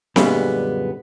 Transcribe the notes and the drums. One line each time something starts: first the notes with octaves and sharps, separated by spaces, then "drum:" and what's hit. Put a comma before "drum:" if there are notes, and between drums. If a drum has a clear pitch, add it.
F#2 A#2 D3 G3 G#3 B3, drum: snare C4